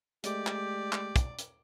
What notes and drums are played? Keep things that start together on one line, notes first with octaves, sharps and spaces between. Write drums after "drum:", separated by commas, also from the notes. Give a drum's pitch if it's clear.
G#3 A3 G4 D5, drum: hi-hat
drum: clap
drum: clap
drum: kick, hi-hat
drum: hi-hat